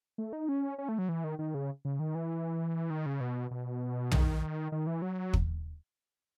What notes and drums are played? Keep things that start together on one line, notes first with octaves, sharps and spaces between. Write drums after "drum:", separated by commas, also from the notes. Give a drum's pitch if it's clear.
A3
D#4
C#4
C#4
A3
F#3
E3
D#3
D#3
C#3
C#3
D#3
E3
D#3
C#3
B2
B2
D#3, drum: tom
D#3
E3
F#3
drum: kick